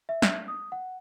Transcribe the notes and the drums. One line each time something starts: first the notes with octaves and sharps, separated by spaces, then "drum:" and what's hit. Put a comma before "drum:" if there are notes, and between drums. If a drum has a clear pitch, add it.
E5
drum: snare
D#6
F#5